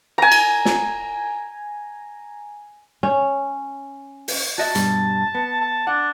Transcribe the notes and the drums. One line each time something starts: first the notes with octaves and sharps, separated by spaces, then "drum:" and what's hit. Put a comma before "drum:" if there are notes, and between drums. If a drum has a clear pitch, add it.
G#5 A#5
drum: cymbal
drum: snare
C#4
drum: open hi-hat
F#4 D#5 E5 A5
G2 B2 G3, drum: hi-hat
B3
A5
D4 F#5